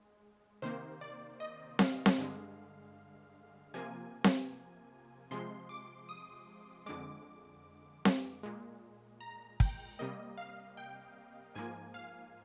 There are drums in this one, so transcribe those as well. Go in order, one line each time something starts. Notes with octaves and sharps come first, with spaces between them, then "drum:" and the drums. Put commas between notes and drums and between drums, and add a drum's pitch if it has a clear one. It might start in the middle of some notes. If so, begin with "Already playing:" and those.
Already playing: G#3
C3 D#3 A#3 C5
D5
D#5
F5, drum: snare C4
drum: snare C4
G2 D3 G#3
C3 F3 A#3 G#5
drum: snare C4
C3 F3 G#3 C6
D6
D#6
F2 D3 G#3 D6
drum: snare C4
A#2 G#3
A#5
G5, drum: kick
C3 G3 A#3 D#5
F5
G5
G#2 F3 A#3 G#5
F5